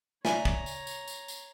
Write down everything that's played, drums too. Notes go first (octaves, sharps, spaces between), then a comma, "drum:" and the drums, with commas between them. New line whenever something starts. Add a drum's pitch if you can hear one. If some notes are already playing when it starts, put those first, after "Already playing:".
C#5 D5 E5 G#5 A#5, drum: snare
drum: kick
drum: tambourine
drum: tambourine
drum: tambourine
drum: tambourine